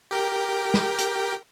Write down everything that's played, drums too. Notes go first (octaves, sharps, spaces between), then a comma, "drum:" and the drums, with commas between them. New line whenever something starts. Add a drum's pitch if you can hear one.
G4 A#4 G5
drum: snare
drum: hi-hat